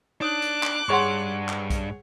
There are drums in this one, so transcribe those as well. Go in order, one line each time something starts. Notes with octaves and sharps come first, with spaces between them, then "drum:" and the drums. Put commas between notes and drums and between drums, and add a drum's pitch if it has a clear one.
D4 D#4 C#5 D6 D#6 F#6
drum: hi-hat
drum: clap
G2 G#4 C#5 F#5 C6 C#6
drum: clap
drum: kick B1, hi-hat